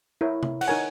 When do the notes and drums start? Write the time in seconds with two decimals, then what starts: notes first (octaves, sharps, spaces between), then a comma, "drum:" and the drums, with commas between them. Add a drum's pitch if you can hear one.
0.21 E4 A#4 C#5
0.43 drum: tom C3
0.61 F#5, drum: cymbal
0.68 D#4 A#4 C#5 G#5